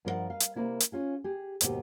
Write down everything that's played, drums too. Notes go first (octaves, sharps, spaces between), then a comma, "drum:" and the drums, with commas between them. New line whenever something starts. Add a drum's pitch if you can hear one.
G2 F3 A#4 B4 D#5 F#5
B4 F5
drum: hi-hat
C3 F#3 A#3 E4 D5
drum: hi-hat
C#4 F4 G#4
G4 G#4
D#2 G#2 B2 G4, drum: hi-hat